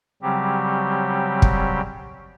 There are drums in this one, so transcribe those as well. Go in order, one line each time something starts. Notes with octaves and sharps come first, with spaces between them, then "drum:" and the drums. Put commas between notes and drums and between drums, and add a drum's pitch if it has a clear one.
C#3 F#3 G3 C4 G4
drum: kick